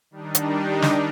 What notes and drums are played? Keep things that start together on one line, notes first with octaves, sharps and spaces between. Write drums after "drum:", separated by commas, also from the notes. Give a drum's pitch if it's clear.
D#3 G3 D4 D#4
drum: hi-hat
drum: snare